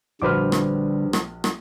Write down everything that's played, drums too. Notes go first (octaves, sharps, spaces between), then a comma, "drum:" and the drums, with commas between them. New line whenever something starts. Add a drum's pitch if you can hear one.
A#1 D3 G3 F#4 B4 C5 D6 F6
drum: rim click
drum: rim click
drum: rim click